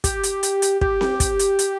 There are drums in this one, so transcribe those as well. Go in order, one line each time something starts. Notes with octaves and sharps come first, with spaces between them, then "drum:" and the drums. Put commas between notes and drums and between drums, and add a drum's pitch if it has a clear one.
G4, drum: kick, hi-hat
drum: hi-hat
drum: hi-hat
drum: hi-hat
G4, drum: kick
drum: snare C4
drum: kick, hi-hat
drum: hi-hat
drum: hi-hat